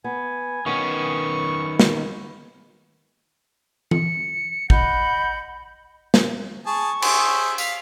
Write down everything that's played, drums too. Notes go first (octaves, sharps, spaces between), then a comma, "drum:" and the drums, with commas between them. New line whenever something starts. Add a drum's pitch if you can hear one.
B3 G#5
D#3 B3 C#4 C#6
drum: snare
C#7, drum: tom E3
D#5 F#5 B5 G6, drum: kick
drum: snare
G#4 A5 C#6
G#4 C5 E5, drum: cymbal
F5 B6, drum: tambourine